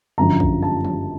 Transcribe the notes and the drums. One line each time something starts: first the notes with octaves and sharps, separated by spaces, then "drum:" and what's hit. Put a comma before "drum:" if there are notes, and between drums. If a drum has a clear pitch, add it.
G1 F#2 D3 F3 A#5
drum: kick
A5
drum: tom E3